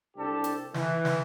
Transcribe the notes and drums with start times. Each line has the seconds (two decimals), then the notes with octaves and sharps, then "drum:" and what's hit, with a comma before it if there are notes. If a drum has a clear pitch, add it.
0.17 C2 C4 D4 G4 A4 A5
0.44 drum: hi-hat
0.74 E3, drum: snare
1.05 drum: snare